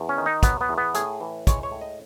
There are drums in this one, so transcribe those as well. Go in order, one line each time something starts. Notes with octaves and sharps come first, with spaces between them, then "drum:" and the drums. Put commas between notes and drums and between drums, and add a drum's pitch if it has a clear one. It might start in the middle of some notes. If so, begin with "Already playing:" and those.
Already playing: E2
C#4
D#3
D#4
F#3 B3, drum: kick, hi-hat
B3
E2
B3
A2 G#4, drum: hi-hat
E3
G#3 C#5, drum: kick, hi-hat
C#5
A2
D#5